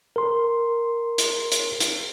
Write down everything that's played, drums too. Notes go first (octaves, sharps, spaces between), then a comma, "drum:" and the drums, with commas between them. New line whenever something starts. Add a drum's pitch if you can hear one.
A#4 C6
drum: hi-hat
drum: hi-hat
drum: hi-hat